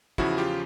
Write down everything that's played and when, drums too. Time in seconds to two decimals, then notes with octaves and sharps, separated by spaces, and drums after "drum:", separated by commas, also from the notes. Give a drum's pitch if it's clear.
0.18 E2 C#3 F3 E4 F#4, drum: kick
0.38 F4 G4